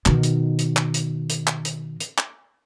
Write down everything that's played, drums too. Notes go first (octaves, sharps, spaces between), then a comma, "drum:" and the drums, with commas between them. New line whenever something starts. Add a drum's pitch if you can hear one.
B2 D#3, drum: clap
drum: hi-hat
drum: hi-hat
drum: clap
drum: hi-hat
drum: hi-hat
drum: clap
drum: hi-hat
drum: hi-hat
drum: clap